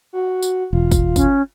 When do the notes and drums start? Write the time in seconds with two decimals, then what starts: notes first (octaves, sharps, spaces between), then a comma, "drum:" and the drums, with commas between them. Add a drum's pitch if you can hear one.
0.13 F#4
0.42 drum: tambourine
0.73 E1 F4
0.91 drum: kick, tambourine
1.16 C#4, drum: kick, tambourine